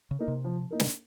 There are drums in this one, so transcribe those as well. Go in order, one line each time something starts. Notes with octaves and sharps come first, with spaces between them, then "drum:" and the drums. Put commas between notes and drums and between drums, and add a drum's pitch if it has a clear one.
C#3
A#3 D#4 A#4
C3
F3
A#3 D#4 A#4
drum: snare